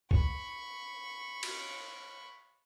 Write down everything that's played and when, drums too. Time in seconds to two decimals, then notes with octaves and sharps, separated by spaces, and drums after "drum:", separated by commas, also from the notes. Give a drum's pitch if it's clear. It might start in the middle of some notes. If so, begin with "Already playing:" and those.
0.11 B5 C#6, drum: kick C2
1.43 drum: cymbal